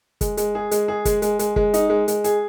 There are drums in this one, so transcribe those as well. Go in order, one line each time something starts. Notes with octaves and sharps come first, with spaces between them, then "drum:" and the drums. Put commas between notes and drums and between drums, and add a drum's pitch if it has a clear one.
G#3, drum: kick, hi-hat
G#3, drum: hi-hat
G#4
G#3, drum: hi-hat
G#4
G#3, drum: kick, hi-hat
G#3, drum: hi-hat
G#3, drum: hi-hat
G#3, drum: kick
D#4, drum: hi-hat
G#3
G#3, drum: hi-hat
G#4, drum: hi-hat